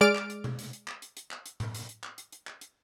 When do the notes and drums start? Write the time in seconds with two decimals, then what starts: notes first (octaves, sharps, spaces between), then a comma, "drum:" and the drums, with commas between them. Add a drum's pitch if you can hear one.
0.01 G#3 D5 F6 A6 D7
0.15 drum: clap
0.30 drum: hi-hat
0.44 drum: tom B2
0.59 drum: hi-hat
0.73 drum: hi-hat
0.88 drum: clap
1.02 drum: hi-hat
1.17 drum: hi-hat
1.31 drum: clap
1.46 drum: hi-hat
1.60 drum: tom A2
1.75 drum: hi-hat
1.89 drum: hi-hat
2.03 drum: clap
2.18 drum: hi-hat
2.32 drum: hi-hat
2.47 drum: clap
2.61 drum: hi-hat